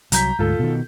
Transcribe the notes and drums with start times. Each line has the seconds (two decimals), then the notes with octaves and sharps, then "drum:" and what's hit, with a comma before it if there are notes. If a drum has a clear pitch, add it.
0.12 C2 F#3 A#5 G6 B6, drum: hi-hat
0.39 D2 G#2 F4 A4
0.59 B2 D#3